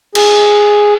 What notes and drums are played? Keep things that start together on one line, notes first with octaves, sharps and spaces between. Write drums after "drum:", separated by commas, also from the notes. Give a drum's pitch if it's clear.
G#4, drum: cymbal